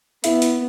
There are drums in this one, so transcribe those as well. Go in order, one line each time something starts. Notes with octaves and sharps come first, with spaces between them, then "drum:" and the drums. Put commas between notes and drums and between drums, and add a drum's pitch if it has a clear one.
B3 E4, drum: hi-hat
drum: hi-hat